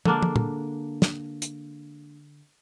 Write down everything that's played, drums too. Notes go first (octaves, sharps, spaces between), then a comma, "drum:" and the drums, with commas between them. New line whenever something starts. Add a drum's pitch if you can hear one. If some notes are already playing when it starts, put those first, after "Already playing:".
D3 G#3 A#3 D4, drum: tom
drum: tom
drum: tom
drum: snare
drum: hi-hat